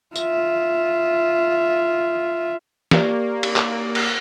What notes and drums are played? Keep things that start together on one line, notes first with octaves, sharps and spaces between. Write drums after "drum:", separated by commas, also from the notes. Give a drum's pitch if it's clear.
F4 E5, drum: tambourine
A#3 G4 D5, drum: snare
drum: cymbal
drum: clap
drum: cymbal